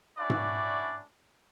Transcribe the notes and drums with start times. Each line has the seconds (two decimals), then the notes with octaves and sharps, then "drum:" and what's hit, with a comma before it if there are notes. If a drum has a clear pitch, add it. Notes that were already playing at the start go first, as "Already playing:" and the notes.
0.18 C#4 D4 E4 F#4 B4 D5
0.30 drum: tom G#2